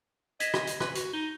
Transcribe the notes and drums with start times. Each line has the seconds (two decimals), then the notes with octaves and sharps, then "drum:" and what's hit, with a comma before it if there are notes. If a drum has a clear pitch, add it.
0.40 D#5 G#6 B6 E7, drum: hi-hat
0.54 drum: rim click
0.67 drum: hi-hat
0.80 B4, drum: rim click
0.95 F#4, drum: hi-hat
1.13 D#4 G7